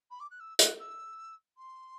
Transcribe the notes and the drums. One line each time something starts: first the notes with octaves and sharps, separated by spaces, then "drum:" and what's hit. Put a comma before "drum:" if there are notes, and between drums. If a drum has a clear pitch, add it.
B5
D6
F#6
E6
F#6, drum: hi-hat
E6
C6